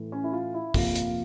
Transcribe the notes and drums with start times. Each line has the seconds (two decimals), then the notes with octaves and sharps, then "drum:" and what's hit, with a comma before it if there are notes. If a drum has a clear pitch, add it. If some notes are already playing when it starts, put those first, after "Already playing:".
Already playing: A2 E3 A3
0.12 C#4
0.24 E4
0.33 F4
0.54 E4
0.74 F2 C3 F3 A#3 F4, drum: kick, open hi-hat
0.95 drum: hi-hat